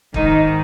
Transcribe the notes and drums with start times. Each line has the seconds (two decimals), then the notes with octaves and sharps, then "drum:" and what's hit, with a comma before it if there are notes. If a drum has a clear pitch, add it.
0.14 G#2 D#3 D#4, drum: kick